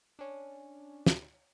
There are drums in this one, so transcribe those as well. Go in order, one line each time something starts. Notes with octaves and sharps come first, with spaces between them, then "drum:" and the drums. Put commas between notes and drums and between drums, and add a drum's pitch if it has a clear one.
C#4 D4
drum: snare